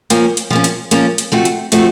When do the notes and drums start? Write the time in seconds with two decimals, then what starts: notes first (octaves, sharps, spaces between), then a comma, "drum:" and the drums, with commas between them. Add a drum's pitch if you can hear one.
0.10 F3 A#3 C#4, drum: hi-hat
0.37 drum: hi-hat
0.50 F3 A#3 C#4
0.64 drum: hi-hat
0.91 F3 A#3 C#4, drum: hi-hat
1.18 drum: hi-hat
1.32 F3 A3 C4 F#4
1.45 drum: hi-hat
1.72 F3 A3 C4 F#4, drum: hi-hat